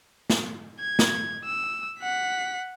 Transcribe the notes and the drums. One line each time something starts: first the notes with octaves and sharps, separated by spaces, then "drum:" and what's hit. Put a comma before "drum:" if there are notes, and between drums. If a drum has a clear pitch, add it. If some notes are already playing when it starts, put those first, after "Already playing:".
drum: snare
G#6
drum: snare
E6
F#5 B6